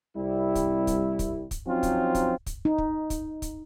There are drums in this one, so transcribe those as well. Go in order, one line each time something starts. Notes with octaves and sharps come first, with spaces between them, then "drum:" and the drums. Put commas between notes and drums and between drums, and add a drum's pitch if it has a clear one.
C2 G3 E4
drum: kick, hi-hat
drum: kick, hi-hat
drum: kick, hi-hat
drum: kick, hi-hat
F3 F#3 C4 C#4 D#4 F4
drum: kick, hi-hat
drum: kick, hi-hat
drum: kick, hi-hat
D#4
drum: kick
drum: kick, hi-hat
drum: kick, hi-hat